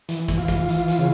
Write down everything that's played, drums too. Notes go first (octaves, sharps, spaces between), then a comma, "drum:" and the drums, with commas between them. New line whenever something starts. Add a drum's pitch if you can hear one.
E3, drum: hi-hat
drum: kick, hi-hat
F4
drum: kick, hi-hat
E3, drum: hi-hat
drum: hi-hat
C#3